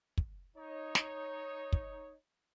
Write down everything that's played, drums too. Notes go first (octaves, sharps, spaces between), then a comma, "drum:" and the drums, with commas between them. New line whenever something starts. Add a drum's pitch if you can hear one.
drum: kick
D#4 C#5
drum: snare
drum: kick